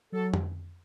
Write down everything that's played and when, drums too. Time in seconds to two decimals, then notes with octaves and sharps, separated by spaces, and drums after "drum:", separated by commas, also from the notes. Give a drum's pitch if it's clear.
0.12 F#3 A4
0.34 drum: tom F2